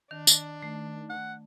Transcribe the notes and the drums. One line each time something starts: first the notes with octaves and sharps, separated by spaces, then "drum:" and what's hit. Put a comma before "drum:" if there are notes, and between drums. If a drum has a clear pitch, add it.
D#3 D4
drum: tambourine
D#3 A3
F#5